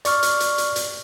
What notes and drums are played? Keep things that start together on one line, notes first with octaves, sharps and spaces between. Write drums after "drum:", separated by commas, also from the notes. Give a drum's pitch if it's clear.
D5 C#6 F6, drum: hi-hat
drum: hi-hat
drum: hi-hat
drum: hi-hat
drum: hi-hat